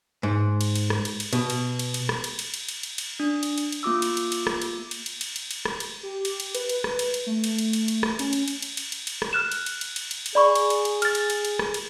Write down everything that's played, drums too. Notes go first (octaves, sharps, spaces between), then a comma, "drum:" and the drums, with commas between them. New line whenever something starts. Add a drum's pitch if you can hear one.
G#2
drum: cymbal
drum: cymbal
drum: rim click
drum: cymbal
drum: cymbal
B2, drum: cymbal
drum: cymbal
drum: cymbal
drum: cymbal
drum: rim click
drum: cymbal
drum: cymbal
drum: cymbal
drum: cymbal
drum: cymbal
drum: cymbal
D4
drum: cymbal
drum: cymbal
drum: cymbal
A#3 F4 D6 E6
drum: cymbal
drum: cymbal
drum: cymbal
drum: rim click
drum: cymbal
drum: cymbal
drum: cymbal
drum: cymbal
drum: cymbal
drum: cymbal
drum: rim click
drum: cymbal
G4
drum: cymbal
drum: cymbal
B4, drum: cymbal
drum: cymbal
drum: rim click
drum: cymbal
drum: cymbal
A3
drum: cymbal
drum: cymbal
drum: cymbal
drum: cymbal
drum: rim click
C#4, drum: cymbal
drum: cymbal
drum: cymbal
drum: cymbal
drum: cymbal
drum: cymbal
drum: cymbal
drum: rim click
F6 F#6 E7
drum: cymbal
drum: cymbal
drum: cymbal
drum: cymbal
drum: cymbal
drum: cymbal
G#4 D5 B5 C#6
drum: cymbal
drum: cymbal
drum: cymbal
F6 A6, drum: cymbal
drum: cymbal
drum: cymbal
drum: cymbal
drum: rim click
drum: cymbal